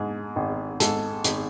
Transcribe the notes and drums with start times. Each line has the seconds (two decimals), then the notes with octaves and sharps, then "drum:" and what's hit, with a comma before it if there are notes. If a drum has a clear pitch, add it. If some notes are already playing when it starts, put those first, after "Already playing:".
Already playing: G#2 G#4
0.36 G#1
0.80 G#2 A4, drum: hi-hat
1.24 G#1, drum: hi-hat